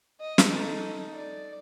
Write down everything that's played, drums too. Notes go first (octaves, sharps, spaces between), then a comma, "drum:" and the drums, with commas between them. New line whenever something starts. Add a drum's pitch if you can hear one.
D#5
drum: snare
D#4 A4
D5